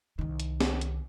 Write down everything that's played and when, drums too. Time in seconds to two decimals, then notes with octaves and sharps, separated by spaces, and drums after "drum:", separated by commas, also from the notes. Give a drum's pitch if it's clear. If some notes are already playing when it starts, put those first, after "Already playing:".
0.19 C2 D#3
0.40 drum: hi-hat
0.61 drum: snare
0.81 drum: hi-hat